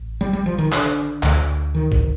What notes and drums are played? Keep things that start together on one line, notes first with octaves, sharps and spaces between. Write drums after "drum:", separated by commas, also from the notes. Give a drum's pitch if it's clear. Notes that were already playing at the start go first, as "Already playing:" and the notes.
Already playing: A1
G3
G3
F3
D#3
D3, drum: clap
D2 D3, drum: clap
D#3
drum: kick